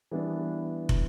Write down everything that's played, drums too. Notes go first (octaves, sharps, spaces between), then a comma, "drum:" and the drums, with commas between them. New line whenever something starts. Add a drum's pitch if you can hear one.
E3 G3 B3 D4
drum: kick